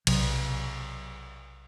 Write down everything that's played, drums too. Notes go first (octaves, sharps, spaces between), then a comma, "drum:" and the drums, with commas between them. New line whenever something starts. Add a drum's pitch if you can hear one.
B1 C3 F#3, drum: cymbal